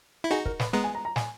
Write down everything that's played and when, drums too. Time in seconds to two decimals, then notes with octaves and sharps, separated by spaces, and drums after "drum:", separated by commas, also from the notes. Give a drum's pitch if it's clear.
0.24 E4
0.31 D#4 F#4 G#4
0.45 A#4, drum: kick
0.59 B4, drum: snare
0.73 G#3 B3 A#5
0.84 G#5
0.95 A#5
1.05 A#5
1.16 G#5, drum: snare